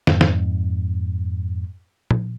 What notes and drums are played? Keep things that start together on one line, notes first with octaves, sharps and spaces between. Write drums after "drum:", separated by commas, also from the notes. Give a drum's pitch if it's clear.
F2 G#2, drum: snare
drum: snare
drum: tom A#2